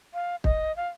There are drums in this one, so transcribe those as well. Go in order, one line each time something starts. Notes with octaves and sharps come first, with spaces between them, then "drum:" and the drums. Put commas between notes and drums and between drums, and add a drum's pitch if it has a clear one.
F5
D#5, drum: kick
F5